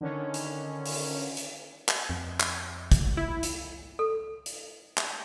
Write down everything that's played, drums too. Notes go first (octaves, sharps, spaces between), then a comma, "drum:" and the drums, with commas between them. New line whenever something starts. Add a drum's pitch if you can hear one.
D3 D#3 C#4
drum: hi-hat
drum: open hi-hat
drum: hi-hat
drum: clap
F2
drum: clap
drum: kick, hi-hat
E4
drum: hi-hat
A4
drum: hi-hat
drum: clap